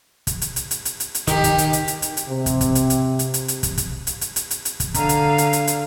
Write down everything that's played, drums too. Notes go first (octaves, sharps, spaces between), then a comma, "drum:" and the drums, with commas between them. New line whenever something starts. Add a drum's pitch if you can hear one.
drum: kick, hi-hat
drum: hi-hat
drum: hi-hat
drum: hi-hat
drum: hi-hat
drum: hi-hat
drum: hi-hat
D#3 G4, drum: kick, hi-hat
drum: kick, hi-hat
drum: hi-hat
drum: hi-hat
drum: hi-hat
drum: hi-hat
drum: hi-hat
C3
drum: kick, hi-hat
drum: kick, hi-hat
drum: hi-hat
drum: hi-hat
drum: hi-hat
drum: hi-hat
drum: hi-hat
drum: kick, hi-hat
drum: kick, hi-hat
drum: hi-hat
drum: hi-hat
drum: hi-hat
drum: hi-hat
drum: hi-hat
drum: kick, hi-hat
D3 F5 A#5, drum: kick, hi-hat
drum: hi-hat
drum: hi-hat
drum: hi-hat
drum: hi-hat